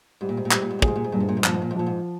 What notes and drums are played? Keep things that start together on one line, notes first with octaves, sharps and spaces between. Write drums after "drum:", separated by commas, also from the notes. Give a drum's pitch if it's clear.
G#2 G3
A#2
G#2
A#2
G#2 G3, drum: clap
A#2
G#2
A#2
G#4, drum: kick
G#2
A#2
G#2
G2 A#2
G#2
A#2
G#2
A#2 F3, drum: clap
G#2
A#2
G#2
A#2 F3
G#2